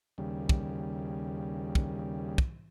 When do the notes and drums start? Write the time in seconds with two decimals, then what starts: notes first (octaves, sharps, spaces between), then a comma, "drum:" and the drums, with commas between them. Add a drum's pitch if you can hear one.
0.18 D#2 C#3 G3
0.49 drum: kick
1.75 drum: kick
2.38 drum: kick